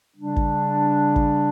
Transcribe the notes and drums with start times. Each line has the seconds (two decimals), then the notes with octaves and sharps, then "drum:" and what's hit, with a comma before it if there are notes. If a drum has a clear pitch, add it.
0.17 C#3 G3 D4
0.36 drum: kick
1.16 drum: kick